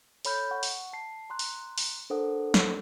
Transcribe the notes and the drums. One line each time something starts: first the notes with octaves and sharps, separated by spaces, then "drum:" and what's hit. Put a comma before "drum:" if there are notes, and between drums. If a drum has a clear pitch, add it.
A4 C#5 B5 F6 G6, drum: open hi-hat
F#5 C#6
drum: open hi-hat
A5 C7
A#5 C6 F#6
drum: open hi-hat
drum: open hi-hat
D4 A4 A#4 C5 F#5 D#6
drum: snare